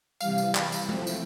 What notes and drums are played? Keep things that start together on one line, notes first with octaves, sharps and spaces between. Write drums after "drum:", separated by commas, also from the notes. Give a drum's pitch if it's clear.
C3 E3 G3 F5, drum: tambourine
drum: tambourine
drum: clap
drum: tambourine
F3 A3 C4 E4, drum: tom G#3
drum: tambourine